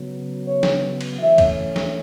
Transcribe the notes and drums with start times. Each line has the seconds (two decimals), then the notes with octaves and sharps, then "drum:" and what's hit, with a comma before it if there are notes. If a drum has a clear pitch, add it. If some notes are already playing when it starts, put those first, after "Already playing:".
Already playing: C#3 F#3 B3
0.44 C#5
0.63 drum: snare
1.01 drum: cymbal
1.19 E3 A3 C#4 E5
1.38 drum: kick, cymbal
1.76 drum: snare